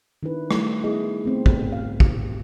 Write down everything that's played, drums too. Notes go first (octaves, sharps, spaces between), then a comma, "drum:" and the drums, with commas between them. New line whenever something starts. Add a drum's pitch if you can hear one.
D#3 D4 E4 B4
G3 A3, drum: rim click
B3 D#4 E4 G#4 D#5
A3 B3 C4
drum: kick
F5
drum: kick